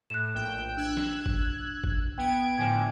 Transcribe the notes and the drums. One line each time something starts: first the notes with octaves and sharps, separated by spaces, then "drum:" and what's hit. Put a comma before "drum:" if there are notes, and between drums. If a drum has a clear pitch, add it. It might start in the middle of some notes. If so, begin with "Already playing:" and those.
A2 F#6 E7
A#1 G5
D4 E6 F#6 G#6
drum: snare
drum: kick G1
drum: kick G1
B3 G5 G#6 D7
A2 D3 F3 G5 G#5 G#6